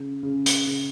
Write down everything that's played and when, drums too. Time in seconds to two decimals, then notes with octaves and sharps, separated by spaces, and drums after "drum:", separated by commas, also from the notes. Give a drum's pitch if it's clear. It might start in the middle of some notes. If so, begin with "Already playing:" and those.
Already playing: C#3
0.23 C#3
0.46 drum: hi-hat
0.67 C#3